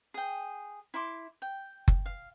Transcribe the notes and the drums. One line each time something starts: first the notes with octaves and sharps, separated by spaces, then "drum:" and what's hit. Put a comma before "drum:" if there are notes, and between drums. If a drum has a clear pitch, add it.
G#4 G5
E4 C6 D6
G5
drum: kick F#1
F5